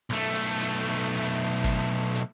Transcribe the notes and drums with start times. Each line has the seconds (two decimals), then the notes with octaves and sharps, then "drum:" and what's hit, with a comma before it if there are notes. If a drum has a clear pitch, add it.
0.10 B1 A3, drum: hi-hat
0.35 drum: hi-hat
0.61 drum: hi-hat
1.64 drum: kick G1, hi-hat
2.15 drum: hi-hat